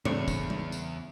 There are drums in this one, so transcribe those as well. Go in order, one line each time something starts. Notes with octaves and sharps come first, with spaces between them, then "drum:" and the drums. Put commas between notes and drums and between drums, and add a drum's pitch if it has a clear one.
E2 C#3 A3 C4 D4 C#5 D5 C7, drum: tom A2
drum: kick, tambourine
drum: tom G3
drum: tambourine